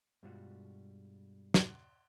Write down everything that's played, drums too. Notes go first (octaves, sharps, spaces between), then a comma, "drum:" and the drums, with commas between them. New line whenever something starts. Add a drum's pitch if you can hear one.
G2 B2 G3 G#3 F4 F#4
drum: snare